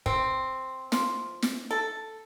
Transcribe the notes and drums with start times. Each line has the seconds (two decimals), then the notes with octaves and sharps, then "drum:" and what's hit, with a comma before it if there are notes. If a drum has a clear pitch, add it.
0.06 C4, drum: kick
0.92 F3, drum: snare
1.42 drum: snare
1.71 A4